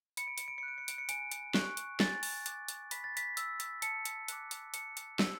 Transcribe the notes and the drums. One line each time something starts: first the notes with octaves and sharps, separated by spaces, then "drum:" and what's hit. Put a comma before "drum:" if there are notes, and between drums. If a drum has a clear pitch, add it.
B5 C#7, drum: hi-hat
D7
C#7, drum: hi-hat
D7
F#6 C#7
D7
C#7
D7, drum: hi-hat
C#7
G#5 D7, drum: hi-hat
drum: hi-hat
C#6 F#6, drum: snare
drum: hi-hat
G#5 A6, drum: snare
drum: open hi-hat
D6 F#6, drum: hi-hat
drum: hi-hat
B5 B6, drum: hi-hat
A6
B6, drum: hi-hat
E6, drum: hi-hat
drum: hi-hat
A5 C#7, drum: hi-hat
drum: hi-hat
D6 F#6, drum: hi-hat
drum: hi-hat
A5 C#7, drum: hi-hat
drum: hi-hat
E6, drum: snare